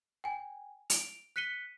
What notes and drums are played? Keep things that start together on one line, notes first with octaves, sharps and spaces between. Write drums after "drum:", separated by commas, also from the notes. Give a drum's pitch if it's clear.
G5 G#5
D7 F7, drum: hi-hat
F#6 B6 C#7 D#7 G7